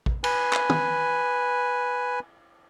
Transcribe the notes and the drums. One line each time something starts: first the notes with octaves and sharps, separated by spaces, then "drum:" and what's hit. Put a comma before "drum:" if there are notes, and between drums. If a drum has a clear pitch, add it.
drum: kick A1
B4 G#5, drum: cymbal
drum: clap
drum: tom